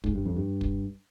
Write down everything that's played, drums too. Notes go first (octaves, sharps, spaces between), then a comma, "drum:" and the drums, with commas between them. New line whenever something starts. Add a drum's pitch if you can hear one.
G#2, drum: kick
G2
F2
G2
drum: kick